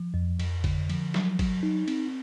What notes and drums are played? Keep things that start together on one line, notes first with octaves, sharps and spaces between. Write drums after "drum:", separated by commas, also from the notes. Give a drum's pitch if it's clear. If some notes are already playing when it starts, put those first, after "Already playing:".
Already playing: F3
F2
F2, drum: cymbal
D3, drum: kick, cymbal
F3, drum: cymbal
F#3, drum: snare
F#3, drum: kick, cymbal
D#4
C4, drum: cymbal